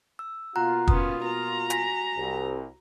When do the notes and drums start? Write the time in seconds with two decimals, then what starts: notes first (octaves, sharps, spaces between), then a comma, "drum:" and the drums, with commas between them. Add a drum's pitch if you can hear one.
0.19 E6
0.56 B2 A#3 F4 F#5 A#5 F#6
0.88 B3 C#4 D#6, drum: kick
1.25 F#4 A#5
1.70 G#5 A#6 B6, drum: hi-hat
2.17 C2